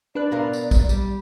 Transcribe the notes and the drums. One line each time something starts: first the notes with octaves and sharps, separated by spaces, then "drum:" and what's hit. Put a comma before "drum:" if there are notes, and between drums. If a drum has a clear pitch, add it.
D4 B4 D5 F#6
B2 A#4 F5
drum: tambourine
drum: kick A#1, tambourine
G3, drum: tambourine